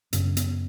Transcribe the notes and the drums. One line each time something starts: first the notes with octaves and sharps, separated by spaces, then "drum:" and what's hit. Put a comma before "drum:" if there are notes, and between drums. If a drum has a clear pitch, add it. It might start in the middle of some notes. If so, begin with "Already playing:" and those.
F#2 C#3 B3, drum: hi-hat
B3, drum: hi-hat